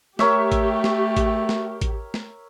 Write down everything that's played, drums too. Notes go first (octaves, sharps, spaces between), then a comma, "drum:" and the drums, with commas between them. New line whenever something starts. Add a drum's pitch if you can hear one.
A3 G4 A#4 C#5 E5, drum: snare
drum: kick A1, hi-hat
drum: snare
drum: kick A1, hi-hat
drum: snare
drum: kick A1, hi-hat
drum: snare